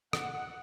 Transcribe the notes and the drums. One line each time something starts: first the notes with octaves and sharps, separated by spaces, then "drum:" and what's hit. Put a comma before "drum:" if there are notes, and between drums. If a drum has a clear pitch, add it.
F#5, drum: rim click